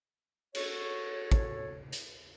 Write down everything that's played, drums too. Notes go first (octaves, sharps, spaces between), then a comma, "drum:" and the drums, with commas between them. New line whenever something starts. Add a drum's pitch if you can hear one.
F#4 A4 C#5, drum: cymbal
drum: kick
drum: hi-hat